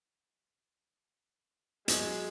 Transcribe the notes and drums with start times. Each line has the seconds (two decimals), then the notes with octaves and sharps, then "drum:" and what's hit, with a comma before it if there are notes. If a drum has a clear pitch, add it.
1.88 F#3 G#3 B3 E4, drum: hi-hat